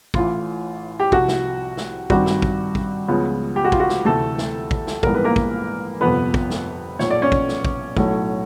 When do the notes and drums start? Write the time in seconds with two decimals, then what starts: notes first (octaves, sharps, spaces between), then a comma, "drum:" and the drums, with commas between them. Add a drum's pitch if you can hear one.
0.14 A1 A2 E3 F4, drum: kick
1.00 G4
1.12 C2 C3 F3 F#4, drum: kick
1.28 drum: snare
1.77 drum: snare
2.10 G2 D#3 G3 C4 F#4, drum: kick
2.26 drum: snare
2.42 drum: kick
2.75 drum: kick
3.08 C#2 C#3 F3 G#3 B3
3.56 G4
3.64 F#4
3.72 F4, drum: kick
3.80 F#4
3.89 drum: snare
4.05 D2 C3 E3 A3 A4
4.38 drum: snare
4.71 drum: kick
4.87 drum: snare
5.03 A#1 G#2 E3 G3 B3 A#4, drum: kick
5.14 B4
5.24 A#3 A#4
5.36 drum: kick
6.01 G1 F2 C3 F3 B3 B4
6.34 drum: kick
6.50 drum: snare
6.99 B1 A#2 F3 C#5, drum: snare
7.10 D5
7.22 C#4 C#5
7.32 drum: kick
7.48 drum: snare
7.65 drum: kick
7.97 B1 A2 F#3 A3, drum: kick